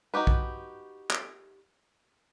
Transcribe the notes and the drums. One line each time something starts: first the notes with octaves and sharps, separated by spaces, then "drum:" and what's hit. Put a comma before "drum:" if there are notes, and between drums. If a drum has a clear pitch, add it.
D#4 F#4 G4 B4
drum: kick
drum: clap